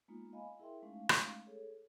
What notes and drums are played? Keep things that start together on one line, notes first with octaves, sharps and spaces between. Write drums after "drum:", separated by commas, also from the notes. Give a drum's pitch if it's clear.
G#3 A#3 B3 D#4 F4
D#5 F5 G#5 B5
E4 G#4 A#4 E5 G5 C6
G#3 A3 C#4 D#4 F5
drum: rim click
G#4 A4 C#5